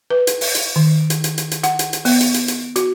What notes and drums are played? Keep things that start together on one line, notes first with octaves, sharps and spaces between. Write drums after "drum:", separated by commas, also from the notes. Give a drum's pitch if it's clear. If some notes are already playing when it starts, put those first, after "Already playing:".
B4
drum: hi-hat
drum: open hi-hat
drum: hi-hat
D#3
drum: hi-hat
drum: hi-hat
drum: hi-hat
drum: hi-hat
F#5, drum: hi-hat
drum: hi-hat
drum: hi-hat
B3, drum: open hi-hat
drum: hi-hat
drum: hi-hat
drum: hi-hat
F#4, drum: hi-hat